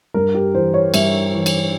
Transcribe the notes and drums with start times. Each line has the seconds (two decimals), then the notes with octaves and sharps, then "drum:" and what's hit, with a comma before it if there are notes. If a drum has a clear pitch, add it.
0.14 G2 A#4
0.34 G4
0.55 E3 C5
0.74 C#5
0.94 G2 E5, drum: cymbal
1.33 E3
1.46 drum: cymbal